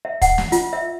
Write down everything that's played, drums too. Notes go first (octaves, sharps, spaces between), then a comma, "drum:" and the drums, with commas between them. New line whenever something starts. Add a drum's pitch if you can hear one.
E5
F#5, drum: kick, hi-hat
drum: snare
F4, drum: hi-hat
E5